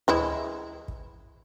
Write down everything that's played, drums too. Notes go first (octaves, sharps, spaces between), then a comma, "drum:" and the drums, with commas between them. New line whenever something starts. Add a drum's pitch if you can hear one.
E3 G#3 E4, drum: tom D2
drum: kick